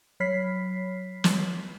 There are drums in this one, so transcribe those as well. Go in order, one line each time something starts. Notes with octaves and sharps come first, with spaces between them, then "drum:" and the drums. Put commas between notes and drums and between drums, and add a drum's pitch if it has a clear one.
F#3 C#5 B5 F6 B6 C7
drum: snare